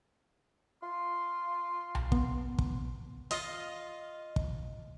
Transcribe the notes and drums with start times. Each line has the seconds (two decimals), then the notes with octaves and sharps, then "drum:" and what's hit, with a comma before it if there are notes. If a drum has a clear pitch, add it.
0.82 F4 C6
1.95 drum: tom B1
2.12 B3, drum: kick
2.59 drum: kick
3.31 F4 D#5, drum: hi-hat
4.36 drum: kick